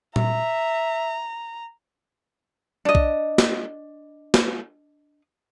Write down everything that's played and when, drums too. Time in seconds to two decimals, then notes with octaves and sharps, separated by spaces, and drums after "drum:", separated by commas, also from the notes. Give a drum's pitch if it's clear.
0.16 E5 A#5, drum: tom A#2
2.85 D4 D#5
2.95 drum: kick B1
3.38 drum: snare
4.34 drum: snare